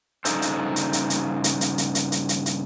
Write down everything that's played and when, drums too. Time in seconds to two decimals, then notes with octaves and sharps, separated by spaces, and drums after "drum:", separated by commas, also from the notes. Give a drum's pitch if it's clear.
0.25 G2 C#3 E3 D#4 A4 C5, drum: hi-hat
0.42 drum: hi-hat
0.76 drum: hi-hat
0.93 drum: hi-hat
1.10 drum: hi-hat
1.44 drum: hi-hat
1.61 drum: hi-hat
1.78 drum: hi-hat
1.95 drum: hi-hat
2.12 drum: hi-hat
2.29 drum: hi-hat
2.46 drum: hi-hat